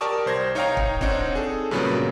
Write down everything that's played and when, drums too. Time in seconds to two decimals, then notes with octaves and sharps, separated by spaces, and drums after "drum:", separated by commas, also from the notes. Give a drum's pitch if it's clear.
0.01 G4 A#4 D5 A5 C#6 D#6
0.26 C2 C5 G#6 A#6
0.55 D#4 C#5 D#5 F5 G5 A#5
0.77 drum: kick
1.01 C4 D4 D#4 C#5 F#5, drum: kick
1.35 G#4 A4
1.71 G2 A#2 C#3 F#3 A#3 B3